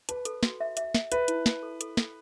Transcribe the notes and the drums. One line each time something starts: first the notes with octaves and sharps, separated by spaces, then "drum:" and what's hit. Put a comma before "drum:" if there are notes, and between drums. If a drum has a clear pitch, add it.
B4 A5, drum: hi-hat
A4, drum: hi-hat
F#4, drum: snare
E5
E5, drum: hi-hat
E5, drum: snare
B4 E5, drum: hi-hat
E4, drum: hi-hat
A5, drum: snare
A4
A4, drum: hi-hat
A4, drum: snare